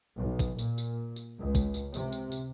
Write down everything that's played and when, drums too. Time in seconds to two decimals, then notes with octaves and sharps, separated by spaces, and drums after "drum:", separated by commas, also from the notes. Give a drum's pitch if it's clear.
0.16 B1
0.39 drum: kick, tambourine
0.59 A#2, drum: tambourine
0.78 drum: tambourine
1.16 drum: tambourine
1.39 C#2
1.55 drum: kick, tambourine
1.74 drum: tambourine
1.94 C3, drum: tambourine
2.12 drum: tambourine
2.32 drum: tambourine